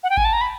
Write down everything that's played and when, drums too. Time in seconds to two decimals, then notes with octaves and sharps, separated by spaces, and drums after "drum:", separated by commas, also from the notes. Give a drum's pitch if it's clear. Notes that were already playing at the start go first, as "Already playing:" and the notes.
0.03 F#5
0.10 G5
0.17 G#5, drum: kick G#1
0.25 A5
0.33 A#5
0.41 B5